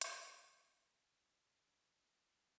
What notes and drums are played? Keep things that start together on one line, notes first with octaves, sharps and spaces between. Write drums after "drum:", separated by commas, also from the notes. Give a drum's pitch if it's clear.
D3 F3 D4, drum: hi-hat